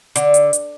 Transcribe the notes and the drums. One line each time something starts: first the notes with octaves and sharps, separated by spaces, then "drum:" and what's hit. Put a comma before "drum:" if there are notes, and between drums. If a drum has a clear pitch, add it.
D3, drum: hi-hat
drum: hi-hat
drum: hi-hat